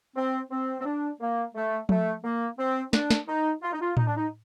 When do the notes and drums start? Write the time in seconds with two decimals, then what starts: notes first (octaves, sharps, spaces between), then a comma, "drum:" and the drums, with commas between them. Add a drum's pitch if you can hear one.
0.16 C4
0.51 C4
0.80 C4
0.85 D4
1.20 A#3
1.55 A3
1.89 A3, drum: tom F3
2.24 A#3
2.58 C4
2.93 D4, drum: snare
3.10 drum: snare
3.28 D#4
3.62 F4
3.72 D#4
3.81 F4
3.97 D#4, drum: tom A2
4.06 D4
4.16 D#4